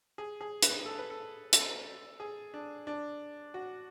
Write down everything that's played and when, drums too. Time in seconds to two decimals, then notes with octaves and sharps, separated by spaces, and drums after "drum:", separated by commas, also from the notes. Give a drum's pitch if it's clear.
0.18 G#4
0.41 G#4
0.62 B4, drum: hi-hat
0.86 A4
0.98 B4
1.10 A4
1.53 A4, drum: hi-hat
2.20 G#4
2.54 D4
2.87 D4
3.54 F#4